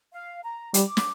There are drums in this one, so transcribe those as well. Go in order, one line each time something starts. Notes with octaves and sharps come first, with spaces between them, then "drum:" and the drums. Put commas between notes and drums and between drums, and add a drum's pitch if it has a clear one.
F5
A#5
G3 D6, drum: hi-hat
drum: snare